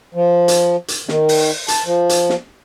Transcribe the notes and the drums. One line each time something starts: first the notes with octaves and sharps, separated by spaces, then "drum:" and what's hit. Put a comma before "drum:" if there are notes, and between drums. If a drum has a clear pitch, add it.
F3
drum: hi-hat
drum: hi-hat
D#3, drum: snare
drum: open hi-hat
A5, drum: hi-hat
F3
drum: hi-hat
drum: snare